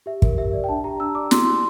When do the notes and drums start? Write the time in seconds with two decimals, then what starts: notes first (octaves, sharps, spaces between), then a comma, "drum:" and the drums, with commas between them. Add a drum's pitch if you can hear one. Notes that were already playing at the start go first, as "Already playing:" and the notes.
0.06 G4 E5
0.22 A#4, drum: kick
0.37 G4 E5
0.53 D5
0.64 G5
0.68 D4 A5
0.84 G4 A#5
1.00 D4 E6
1.15 D5 D6
1.31 E4 C6, drum: snare
1.46 G4